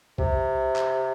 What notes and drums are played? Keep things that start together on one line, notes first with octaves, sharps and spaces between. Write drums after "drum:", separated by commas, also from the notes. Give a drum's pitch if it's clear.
C3, drum: kick B1
drum: clap